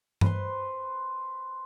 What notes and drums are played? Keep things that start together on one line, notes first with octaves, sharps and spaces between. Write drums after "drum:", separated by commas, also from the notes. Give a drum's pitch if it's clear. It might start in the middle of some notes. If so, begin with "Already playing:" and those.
B4 C5 C6, drum: tom G2